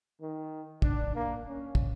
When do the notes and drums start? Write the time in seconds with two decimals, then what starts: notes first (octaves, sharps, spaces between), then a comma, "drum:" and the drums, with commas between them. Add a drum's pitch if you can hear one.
0.20 D#3
0.82 D4, drum: kick
1.15 A#3
1.47 C#4
1.75 drum: kick